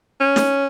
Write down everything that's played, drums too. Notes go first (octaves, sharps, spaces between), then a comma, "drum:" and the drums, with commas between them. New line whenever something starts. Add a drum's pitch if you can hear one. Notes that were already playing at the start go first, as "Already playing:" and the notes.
C#4
drum: snare